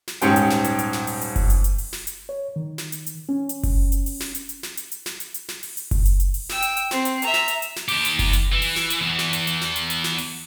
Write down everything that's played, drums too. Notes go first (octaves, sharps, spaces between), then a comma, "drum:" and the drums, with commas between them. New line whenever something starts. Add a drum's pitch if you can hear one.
drum: snare
D#1 G#2 C#4 G4 G5, drum: hi-hat
drum: hi-hat
drum: snare
drum: hi-hat
drum: hi-hat
drum: snare
drum: open hi-hat
drum: hi-hat
drum: kick F#1, open hi-hat
drum: hi-hat
drum: hi-hat
drum: open hi-hat
drum: snare
drum: hi-hat
C#5
D#3
drum: snare
drum: hi-hat
drum: hi-hat
C#4
drum: hi-hat
drum: kick F#1, open hi-hat
drum: hi-hat
drum: open hi-hat
drum: snare
drum: hi-hat
drum: hi-hat
drum: snare
drum: hi-hat
drum: hi-hat
drum: snare
drum: hi-hat
drum: hi-hat
drum: snare
drum: open hi-hat
drum: hi-hat
drum: kick F#1, open hi-hat
drum: hi-hat
drum: hi-hat
drum: open hi-hat
G5 E6, drum: snare
drum: hi-hat
drum: hi-hat
C4, drum: snare
drum: hi-hat
E5 A#5, drum: hi-hat
drum: snare
drum: hi-hat
drum: hi-hat
drum: snare
D#2 G4, drum: open hi-hat
drum: hi-hat
drum: kick F#1, open hi-hat
drum: hi-hat
E3
drum: open hi-hat
drum: snare
drum: hi-hat
E2 E3
drum: snare
drum: hi-hat
drum: hi-hat
drum: snare
drum: hi-hat
drum: hi-hat
drum: snare
drum: open hi-hat